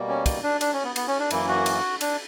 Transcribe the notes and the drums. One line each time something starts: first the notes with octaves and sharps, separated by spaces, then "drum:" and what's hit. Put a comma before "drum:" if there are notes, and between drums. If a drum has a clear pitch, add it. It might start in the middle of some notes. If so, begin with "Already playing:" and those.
Already playing: B2 G3 A#3
C#4
drum: kick, cymbal
D4
D4, drum: cymbal
C#4
B3
B3, drum: cymbal
C#4
D4
F#2 E3 A#3 E4, drum: cymbal
F#4
drum: cymbal
D4, drum: cymbal